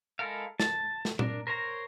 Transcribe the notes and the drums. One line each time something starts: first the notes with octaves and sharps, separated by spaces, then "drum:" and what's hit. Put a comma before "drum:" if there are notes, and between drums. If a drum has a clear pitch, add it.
G#3 E4 A4 A#4 F5
A5, drum: snare
drum: snare
D4 A#4, drum: tom A#2
A#4 C5 C#5 A#5